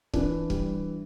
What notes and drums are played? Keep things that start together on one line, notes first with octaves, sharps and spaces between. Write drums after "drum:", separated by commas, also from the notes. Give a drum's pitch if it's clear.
E3 D4, drum: kick C#1
G3, drum: kick C#1